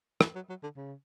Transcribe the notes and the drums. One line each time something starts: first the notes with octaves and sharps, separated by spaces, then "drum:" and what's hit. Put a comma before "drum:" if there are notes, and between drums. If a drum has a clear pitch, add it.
E3, drum: rim click
F#3
F#3
D3
C#3